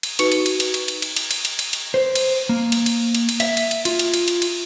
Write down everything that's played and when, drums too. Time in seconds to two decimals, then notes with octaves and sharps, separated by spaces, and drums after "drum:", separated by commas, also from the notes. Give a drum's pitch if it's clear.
0.03 drum: cymbal
0.19 D#4 F#4 B4 C#6 C#7, drum: cymbal
0.32 drum: cymbal
0.46 drum: cymbal
0.60 drum: cymbal
0.74 drum: cymbal
0.88 drum: cymbal
1.02 drum: cymbal
1.16 drum: cymbal
1.31 drum: cymbal
1.45 drum: cymbal
1.59 drum: cymbal
1.73 drum: cymbal
1.94 C5
2.16 drum: cymbal
2.49 A#3
2.72 drum: cymbal
2.86 drum: cymbal
3.15 drum: cymbal
3.29 drum: cymbal
3.40 E5, drum: cymbal
3.57 drum: cymbal
3.71 drum: cymbal
3.85 F4, drum: cymbal
3.99 drum: cymbal
4.14 drum: cymbal
4.28 drum: cymbal
4.42 drum: cymbal